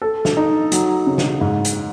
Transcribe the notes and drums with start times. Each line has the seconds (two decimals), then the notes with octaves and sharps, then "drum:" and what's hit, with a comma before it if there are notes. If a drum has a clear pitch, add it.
0.02 A4
0.25 drum: snare
0.37 D#4
0.72 F#3, drum: hi-hat
1.07 C#3
1.18 drum: snare
1.41 G#2
1.65 drum: hi-hat